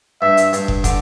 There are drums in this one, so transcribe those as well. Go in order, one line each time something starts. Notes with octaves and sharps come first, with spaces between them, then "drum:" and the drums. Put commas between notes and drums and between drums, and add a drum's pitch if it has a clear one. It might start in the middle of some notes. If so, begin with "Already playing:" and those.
G2 E5
drum: hi-hat
G2, drum: hi-hat
drum: kick
D3, drum: kick, hi-hat